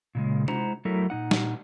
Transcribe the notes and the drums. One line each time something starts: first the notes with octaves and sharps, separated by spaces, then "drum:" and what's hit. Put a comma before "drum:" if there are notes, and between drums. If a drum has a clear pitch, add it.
A#2 C#3 G#3
G#3 E4 C5 F#5 A#5, drum: tom C3
F#3 A3 E4 A4 A#4
A#2 D#4 F#5
drum: snare